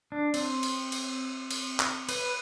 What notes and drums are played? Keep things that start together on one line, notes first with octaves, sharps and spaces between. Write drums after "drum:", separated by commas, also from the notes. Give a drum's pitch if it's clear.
D4
C4, drum: cymbal
drum: cymbal
drum: cymbal
drum: cymbal
drum: clap
B4, drum: cymbal